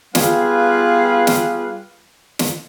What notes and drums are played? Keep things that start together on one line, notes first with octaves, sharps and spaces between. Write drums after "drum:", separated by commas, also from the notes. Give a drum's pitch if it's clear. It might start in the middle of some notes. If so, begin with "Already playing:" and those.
G3 B3 F4 G#4 B4 F5, drum: snare
drum: snare
drum: snare